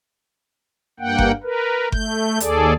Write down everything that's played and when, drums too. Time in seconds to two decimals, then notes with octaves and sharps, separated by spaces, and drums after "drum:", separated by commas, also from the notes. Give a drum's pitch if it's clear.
1.00 G2 A#3 F#5 G5
1.19 drum: kick G1
1.43 A#4 B4
1.92 A3 G6, drum: kick G1
2.40 D#2 G#4 A4 D5, drum: hi-hat